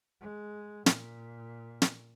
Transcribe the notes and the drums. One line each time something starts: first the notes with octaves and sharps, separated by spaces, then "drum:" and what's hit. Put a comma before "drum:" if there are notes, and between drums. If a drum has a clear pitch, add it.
G#3
A#2, drum: snare
drum: snare